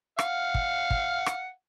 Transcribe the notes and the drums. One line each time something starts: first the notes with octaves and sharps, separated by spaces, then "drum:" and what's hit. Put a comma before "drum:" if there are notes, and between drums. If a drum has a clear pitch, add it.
F5 F#5, drum: rim click
drum: kick
drum: kick
drum: rim click